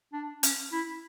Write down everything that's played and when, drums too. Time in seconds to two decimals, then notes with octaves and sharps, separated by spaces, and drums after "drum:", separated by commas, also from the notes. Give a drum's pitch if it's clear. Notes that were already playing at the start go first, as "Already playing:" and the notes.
0.13 D4
0.43 C#4, drum: hi-hat
0.72 E4